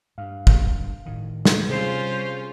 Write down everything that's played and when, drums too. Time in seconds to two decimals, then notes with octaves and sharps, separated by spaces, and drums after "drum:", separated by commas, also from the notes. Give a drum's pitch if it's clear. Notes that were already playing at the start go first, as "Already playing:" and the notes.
0.18 G2 F5
0.47 drum: kick
1.06 A2 D#3
1.45 drum: snare
1.69 C3 G3 C#4 F4 G#4 C5 C7